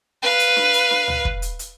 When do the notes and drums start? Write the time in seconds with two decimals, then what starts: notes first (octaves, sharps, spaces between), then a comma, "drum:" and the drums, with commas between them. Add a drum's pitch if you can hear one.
0.22 B4 F5
0.39 drum: hi-hat
0.56 drum: snare D4
0.74 drum: hi-hat
0.91 drum: snare D4
1.08 drum: tom C#2
1.25 drum: kick
1.42 drum: hi-hat
1.59 drum: hi-hat